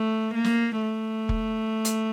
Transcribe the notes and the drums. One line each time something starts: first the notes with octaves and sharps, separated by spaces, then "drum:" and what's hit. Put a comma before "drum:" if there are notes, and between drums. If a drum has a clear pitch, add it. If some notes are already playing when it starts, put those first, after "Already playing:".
Already playing: A3
A#3
drum: snare
A3
drum: kick
drum: hi-hat